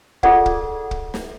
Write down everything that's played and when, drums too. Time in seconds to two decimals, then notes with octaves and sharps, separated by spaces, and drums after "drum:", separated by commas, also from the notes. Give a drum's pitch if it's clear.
0.23 F4 G#4 A4 D5 F#5, drum: kick
0.46 drum: kick
0.91 drum: kick
1.14 drum: snare